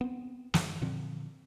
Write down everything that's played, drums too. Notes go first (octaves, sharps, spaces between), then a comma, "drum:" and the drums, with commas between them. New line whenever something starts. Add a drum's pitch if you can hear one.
B3 C4
F#2 E3, drum: snare
A#2 D3 F3 C4